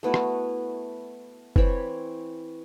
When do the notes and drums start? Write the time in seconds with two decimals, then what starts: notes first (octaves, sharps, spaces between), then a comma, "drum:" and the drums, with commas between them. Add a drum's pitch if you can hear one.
0.03 A3 B3 E4 F#4
0.14 drum: rim click
1.56 E3 C4 C#5 B5, drum: kick